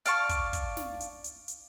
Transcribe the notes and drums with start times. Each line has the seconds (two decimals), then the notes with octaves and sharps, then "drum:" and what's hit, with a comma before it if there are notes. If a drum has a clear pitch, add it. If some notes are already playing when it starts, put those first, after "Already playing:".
0.06 D5 F5 A5 C#6, drum: hi-hat
0.29 drum: kick, hi-hat
0.53 drum: kick, hi-hat
0.77 drum: snare
1.00 drum: hi-hat
1.24 drum: hi-hat
1.48 drum: hi-hat